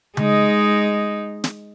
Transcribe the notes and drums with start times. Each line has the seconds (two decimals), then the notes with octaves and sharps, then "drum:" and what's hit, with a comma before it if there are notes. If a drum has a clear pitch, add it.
0.17 G#3 D#4, drum: tom C#3
1.44 drum: snare